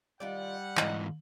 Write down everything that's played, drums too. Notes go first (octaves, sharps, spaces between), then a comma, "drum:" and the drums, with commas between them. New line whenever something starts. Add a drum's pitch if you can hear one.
D#3 G3 F4 D5 F#5
G#2 E3 D#5 F5 A#5, drum: clap